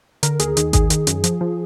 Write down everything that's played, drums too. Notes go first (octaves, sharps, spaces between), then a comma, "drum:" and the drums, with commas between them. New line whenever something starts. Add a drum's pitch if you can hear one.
D3 A#4, drum: hi-hat
D#2 G#4, drum: hi-hat
D#3 G#4, drum: hi-hat
D#3 G#4, drum: kick G#1, hi-hat
D#3, drum: hi-hat
F#2, drum: hi-hat
F3, drum: hi-hat
F3